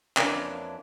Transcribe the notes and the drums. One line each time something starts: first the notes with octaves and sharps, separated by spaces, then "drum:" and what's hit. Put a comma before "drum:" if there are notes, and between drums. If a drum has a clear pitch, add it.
F2 E3 F3 A#3 C#4 D4, drum: clap